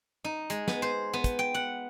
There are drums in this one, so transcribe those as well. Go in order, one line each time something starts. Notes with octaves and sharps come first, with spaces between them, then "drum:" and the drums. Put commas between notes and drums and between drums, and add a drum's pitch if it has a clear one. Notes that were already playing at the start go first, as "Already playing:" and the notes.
D#4
G#3, drum: hi-hat
B3, drum: snare
C5
B3
drum: kick, hi-hat
G5
F#5